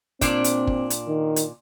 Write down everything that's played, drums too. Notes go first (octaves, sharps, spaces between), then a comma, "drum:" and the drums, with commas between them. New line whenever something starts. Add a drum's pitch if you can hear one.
A#2 C4 D4 D5, drum: kick, hi-hat
drum: hi-hat
drum: kick
drum: hi-hat
D#3
drum: hi-hat